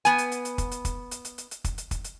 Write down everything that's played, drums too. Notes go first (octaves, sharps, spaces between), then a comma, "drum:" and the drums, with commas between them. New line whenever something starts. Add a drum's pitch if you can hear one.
B3 G#5, drum: hi-hat
drum: hi-hat
drum: hi-hat
drum: hi-hat
drum: kick, hi-hat
drum: hi-hat
drum: kick, hi-hat
drum: hi-hat
drum: hi-hat
drum: hi-hat
drum: hi-hat
drum: kick, hi-hat
drum: hi-hat
drum: kick, hi-hat
drum: hi-hat